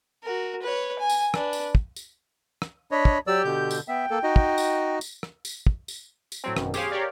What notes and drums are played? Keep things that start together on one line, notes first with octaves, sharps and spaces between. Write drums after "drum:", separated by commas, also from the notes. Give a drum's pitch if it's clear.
F#4 A#4
B4 C#5
G#5
drum: tambourine
D4 B4, drum: rim click
drum: tambourine
drum: kick
drum: tambourine
drum: rim click
D4 C#5 D#5 B5
drum: kick
F#3 G4 D5 E6
B2 D3 G6
drum: tambourine
B3 E5 G5
A#3 A4
D#4 F#4 D#5
drum: kick
drum: tambourine
drum: tambourine
drum: rim click
drum: tambourine
drum: kick
drum: tambourine
drum: tambourine
A2 F#3 C4
G#1 F#2 B2, drum: rim click
G4 G#4 C5 C#5 F5, drum: tambourine
G4 A#4 C#5 D5 F5